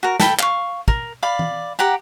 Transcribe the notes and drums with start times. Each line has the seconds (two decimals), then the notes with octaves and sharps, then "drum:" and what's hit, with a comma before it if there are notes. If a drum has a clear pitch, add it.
0.03 F#4 A#4
0.20 A4 G5 B5, drum: snare
0.39 F5 C#6, drum: clap
0.88 A#4, drum: kick
1.23 D5 F5 B5
1.39 drum: tom E3
1.79 G4 F#5 A#5